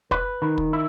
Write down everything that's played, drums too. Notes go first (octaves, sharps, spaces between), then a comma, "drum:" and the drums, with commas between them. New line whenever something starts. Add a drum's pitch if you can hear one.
B4, drum: kick
D#3
drum: kick
E4